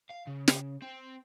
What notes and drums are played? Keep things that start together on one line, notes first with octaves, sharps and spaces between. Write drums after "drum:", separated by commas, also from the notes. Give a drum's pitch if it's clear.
F5
C#3
drum: snare
C4